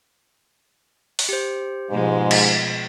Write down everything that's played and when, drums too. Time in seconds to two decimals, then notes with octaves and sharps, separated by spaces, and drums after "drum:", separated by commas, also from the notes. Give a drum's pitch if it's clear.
1.19 drum: open hi-hat
1.29 G4 C5
1.91 G#2 B2 F3 G#3
2.31 drum: cymbal